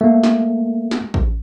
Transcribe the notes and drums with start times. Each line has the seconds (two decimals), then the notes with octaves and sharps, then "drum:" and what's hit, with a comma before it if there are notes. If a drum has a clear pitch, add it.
0.01 A3 A#3
0.23 drum: snare
0.91 drum: snare
1.14 drum: kick A1